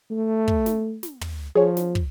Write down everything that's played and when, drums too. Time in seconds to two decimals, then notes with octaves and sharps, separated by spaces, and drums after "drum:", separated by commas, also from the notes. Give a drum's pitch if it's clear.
0.11 A3
0.48 drum: kick
0.66 drum: snare
1.03 drum: snare
1.21 drum: tom
1.55 F3 G#4 C#5
1.77 drum: snare
1.95 drum: kick